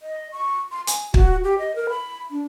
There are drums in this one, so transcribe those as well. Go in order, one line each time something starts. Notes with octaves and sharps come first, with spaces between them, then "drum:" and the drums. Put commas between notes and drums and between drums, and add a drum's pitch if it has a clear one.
D#5
C#6
C6
G#5, drum: hi-hat
F#4, drum: kick
G4
D#5
A#4
B5
D4